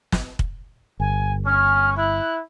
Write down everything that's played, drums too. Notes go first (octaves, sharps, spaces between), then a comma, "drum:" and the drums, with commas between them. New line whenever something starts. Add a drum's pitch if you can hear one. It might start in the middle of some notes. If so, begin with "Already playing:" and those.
drum: snare
drum: kick
G1 G#5
C#4 F6
E4 F#6